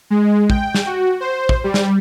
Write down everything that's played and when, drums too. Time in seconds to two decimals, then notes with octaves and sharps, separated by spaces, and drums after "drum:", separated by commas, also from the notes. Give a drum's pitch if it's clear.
0.10 G#3
0.50 G5, drum: kick
0.75 drum: snare
0.86 F#4
1.20 C5
1.49 drum: kick
1.64 G3
1.74 drum: snare